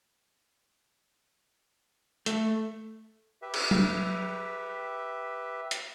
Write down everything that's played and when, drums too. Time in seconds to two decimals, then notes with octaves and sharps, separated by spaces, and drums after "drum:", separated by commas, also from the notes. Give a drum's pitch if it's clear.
2.26 A3, drum: hi-hat
3.42 G4 B4 E5
3.54 drum: cymbal
3.71 drum: tom F#3
5.71 drum: hi-hat